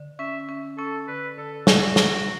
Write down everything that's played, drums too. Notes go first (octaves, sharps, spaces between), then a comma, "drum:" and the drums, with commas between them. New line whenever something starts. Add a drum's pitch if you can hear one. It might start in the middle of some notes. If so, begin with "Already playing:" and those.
Already playing: D3
C#4 E5
C#4
C#4 A4
D3 B4
D3 A4
D3 F#4, drum: snare
D3, drum: snare